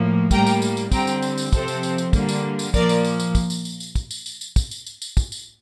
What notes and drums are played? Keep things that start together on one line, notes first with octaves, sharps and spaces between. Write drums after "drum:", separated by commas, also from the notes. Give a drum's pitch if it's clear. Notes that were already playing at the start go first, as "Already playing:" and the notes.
Already playing: A2 F3 A#3
A2 G3 A#3 G5 A#5, drum: kick, tambourine
drum: tambourine
drum: tambourine
drum: tambourine
D3 G3 C4 G5 A#5, drum: kick, tambourine
drum: tambourine
drum: tambourine
drum: tambourine
C3 F3 C4 A4 C5, drum: kick, tambourine
drum: tambourine
drum: tambourine
drum: tambourine
D3 G3 A#3, drum: kick, tambourine
drum: tambourine
drum: tambourine
A#2 F3 A#3 A#4 D5, drum: kick, tambourine
drum: tambourine
drum: tambourine
drum: tambourine
drum: kick, tambourine
drum: tambourine
drum: tambourine
drum: tambourine
drum: kick, tambourine
drum: tambourine
drum: tambourine
drum: tambourine
drum: kick, tambourine
drum: tambourine
drum: tambourine
drum: tambourine
drum: kick, tambourine
drum: tambourine